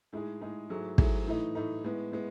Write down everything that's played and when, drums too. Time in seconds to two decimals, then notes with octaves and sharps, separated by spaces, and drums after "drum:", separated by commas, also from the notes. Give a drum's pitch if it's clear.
0.13 A2 G#3 D#4 G#4
0.41 A2 G#3 D#4 G#4
0.69 G#2 F#3 A3 E4 G#4
0.98 G#2 F#3 A3 E4 G#4, drum: kick
1.27 A2 E3 A3 D#4
1.55 A2 E3 A3 D#4
1.84 A2 G#3 B3
2.12 A2 G#3 B3